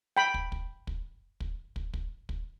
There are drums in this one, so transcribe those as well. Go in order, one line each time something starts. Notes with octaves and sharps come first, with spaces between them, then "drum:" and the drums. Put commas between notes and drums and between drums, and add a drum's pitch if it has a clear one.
G5 B5
drum: kick
drum: kick
drum: kick
drum: kick
drum: kick
drum: kick
drum: kick